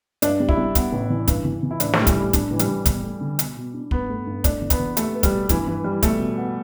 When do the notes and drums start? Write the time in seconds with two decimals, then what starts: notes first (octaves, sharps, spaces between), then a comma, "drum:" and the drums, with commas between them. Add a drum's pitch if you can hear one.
0.22 G2 D4, drum: hi-hat
0.40 G3
0.49 E4, drum: kick
0.57 G3
0.75 B3, drum: kick, hi-hat
0.93 A1
1.10 E3
1.28 G2, drum: kick, hi-hat
1.45 E3
1.63 E3
1.71 E4
1.80 A1 D4, drum: hi-hat
1.93 A3, drum: snare
1.98 A1 G3
2.07 E3, drum: kick, hi-hat
2.16 A1 G3
2.33 D4, drum: kick, hi-hat
2.51 A1 E3
2.59 G3, drum: hi-hat
2.68 A1
2.86 E2, drum: kick, hi-hat
3.03 A3
3.21 D3
3.39 B2, drum: hi-hat
3.57 B2
3.74 D4
3.91 G2 B3, drum: kick
4.09 A3
4.27 G2
4.44 A3 D4, drum: kick, hi-hat
4.62 E3
4.70 B3, drum: kick, hi-hat
4.80 E2
4.97 A3 G4, drum: hi-hat
5.15 B4
5.23 G3, drum: kick, hi-hat
5.32 B2
5.49 G2 E3, drum: kick, hi-hat
5.67 G2 E3
5.84 G3 E4
6.02 B2 A3, drum: kick, hi-hat
6.20 B2
6.38 B3